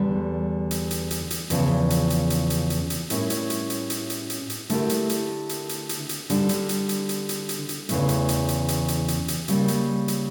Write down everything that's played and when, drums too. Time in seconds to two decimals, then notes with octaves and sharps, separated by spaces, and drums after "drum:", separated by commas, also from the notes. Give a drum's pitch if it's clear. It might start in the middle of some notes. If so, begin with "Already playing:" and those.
Already playing: E2 D3 G3
0.71 drum: hi-hat
0.91 drum: hi-hat
1.11 drum: hi-hat
1.31 drum: hi-hat
1.50 E2 C#3 F3, drum: hi-hat
1.90 drum: hi-hat
2.10 drum: hi-hat
2.30 drum: hi-hat
2.50 drum: hi-hat
2.70 drum: hi-hat
2.90 drum: hi-hat
3.10 A2 G3 C#4 E4 A#4, drum: hi-hat
3.30 drum: hi-hat
3.50 drum: hi-hat
3.70 drum: hi-hat
3.90 drum: hi-hat
4.10 drum: hi-hat
4.30 drum: hi-hat
4.50 drum: hi-hat
4.70 D3 A3 E4 G4 A#4, drum: hi-hat
4.90 drum: hi-hat
5.09 drum: hi-hat
5.49 drum: hi-hat
5.69 drum: hi-hat
5.89 drum: hi-hat
6.09 drum: hi-hat
6.30 D3 G3 D4, drum: hi-hat
6.49 drum: hi-hat
6.69 drum: hi-hat
6.89 drum: hi-hat
7.09 drum: hi-hat
7.29 drum: hi-hat
7.49 drum: hi-hat
7.69 drum: hi-hat
7.89 E2 C#3 E3 A3, drum: hi-hat
8.09 drum: hi-hat
8.29 drum: hi-hat
8.48 drum: hi-hat
8.68 drum: hi-hat
8.88 drum: hi-hat
9.08 drum: hi-hat
9.28 drum: hi-hat
9.48 C#3 G3 A#3 C#4, drum: hi-hat
9.68 drum: hi-hat
10.08 drum: hi-hat